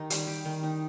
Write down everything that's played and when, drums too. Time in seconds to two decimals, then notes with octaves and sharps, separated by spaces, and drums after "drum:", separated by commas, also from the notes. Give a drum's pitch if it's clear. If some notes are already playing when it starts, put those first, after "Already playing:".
Already playing: D#3 D#4 G4
0.10 G3, drum: hi-hat
0.27 G4
0.45 D#3
0.63 D#4